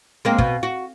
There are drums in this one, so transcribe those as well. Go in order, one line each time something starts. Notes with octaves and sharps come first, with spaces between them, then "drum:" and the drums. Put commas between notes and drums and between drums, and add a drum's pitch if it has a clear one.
G#3 A#3 C4
B2, drum: kick
F#4